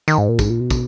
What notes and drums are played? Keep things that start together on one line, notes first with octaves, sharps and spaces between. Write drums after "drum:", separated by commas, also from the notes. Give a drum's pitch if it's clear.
D#3, drum: tambourine
G#2
A#2
G#2, drum: kick, tambourine
A#2
B2
drum: kick, tambourine